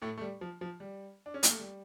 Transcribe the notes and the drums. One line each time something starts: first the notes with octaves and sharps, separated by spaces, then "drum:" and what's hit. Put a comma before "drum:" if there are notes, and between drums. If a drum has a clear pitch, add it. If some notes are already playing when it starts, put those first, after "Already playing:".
A2 A3
A3
G3
F3
F3
G3
D4
C#4
A#3, drum: hi-hat
A3
G3